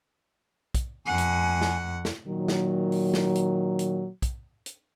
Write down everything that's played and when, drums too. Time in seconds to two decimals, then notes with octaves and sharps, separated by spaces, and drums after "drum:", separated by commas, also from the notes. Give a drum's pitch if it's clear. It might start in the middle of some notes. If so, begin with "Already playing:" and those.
0.74 drum: kick, hi-hat
1.06 F2 F#5 G#5
1.18 drum: hi-hat
1.61 drum: snare
2.05 drum: snare
2.27 A#2 D#3 F#3
2.48 drum: snare
2.92 drum: open hi-hat
3.14 drum: snare
3.35 drum: hi-hat
3.79 drum: hi-hat
4.22 drum: kick, hi-hat
4.66 drum: hi-hat